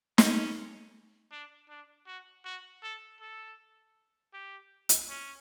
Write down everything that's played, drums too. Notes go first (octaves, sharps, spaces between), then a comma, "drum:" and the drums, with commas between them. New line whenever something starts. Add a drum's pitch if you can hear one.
C#4, drum: snare
D4
D4
F#4
F#4
A4
A4
G4
drum: hi-hat
C#4